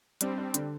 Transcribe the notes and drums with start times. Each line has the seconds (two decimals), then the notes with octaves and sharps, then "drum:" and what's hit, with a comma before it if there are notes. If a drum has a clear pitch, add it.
0.21 G3 C4 D4, drum: hi-hat
0.38 D4
0.54 D3, drum: hi-hat